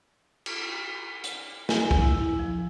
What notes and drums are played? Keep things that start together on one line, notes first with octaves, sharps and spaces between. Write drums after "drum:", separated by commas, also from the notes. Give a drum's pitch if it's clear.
drum: cymbal
drum: hi-hat
G#5, drum: snare
drum: kick
E4
F3